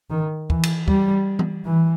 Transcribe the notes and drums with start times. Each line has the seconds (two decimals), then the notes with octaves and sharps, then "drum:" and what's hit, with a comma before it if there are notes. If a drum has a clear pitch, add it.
0.10 D#3
0.50 E3, drum: kick
0.63 drum: cymbal
0.88 G3, drum: kick
1.39 drum: tom E3
1.65 E3